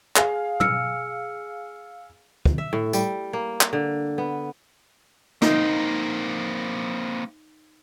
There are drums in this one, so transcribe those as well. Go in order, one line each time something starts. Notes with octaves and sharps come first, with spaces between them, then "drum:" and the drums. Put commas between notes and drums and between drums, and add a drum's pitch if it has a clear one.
G#4 F5, drum: clap
E6 F6 C#7, drum: tom
drum: kick
E5
A2
G3, drum: tambourine
A#3
drum: clap
D3
B3
A#3 C4 D#4, drum: snare